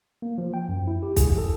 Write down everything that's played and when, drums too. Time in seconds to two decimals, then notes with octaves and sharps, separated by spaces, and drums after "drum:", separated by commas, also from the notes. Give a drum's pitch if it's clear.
0.22 A#3
0.38 F3
0.54 G5
0.69 F#2
0.87 E4
1.03 G4
1.16 G#4, drum: kick, hi-hat
1.38 A4